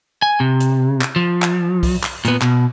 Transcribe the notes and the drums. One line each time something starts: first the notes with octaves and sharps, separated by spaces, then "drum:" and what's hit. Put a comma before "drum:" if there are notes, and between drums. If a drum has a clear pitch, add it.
G#5
C3
drum: hi-hat
drum: clap
F3
drum: clap
drum: kick B1, open hi-hat
drum: clap
A#2 B3, drum: hi-hat
B2, drum: clap